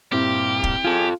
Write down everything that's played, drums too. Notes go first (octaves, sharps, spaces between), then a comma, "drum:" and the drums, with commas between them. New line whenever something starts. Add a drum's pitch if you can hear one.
G2 A#2 C4 E4 G4 F5
drum: kick
F4 G#4 A4 G#5